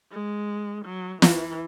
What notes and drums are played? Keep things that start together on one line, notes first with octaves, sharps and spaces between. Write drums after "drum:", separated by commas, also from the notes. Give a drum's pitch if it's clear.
G#3
F#3
E3, drum: snare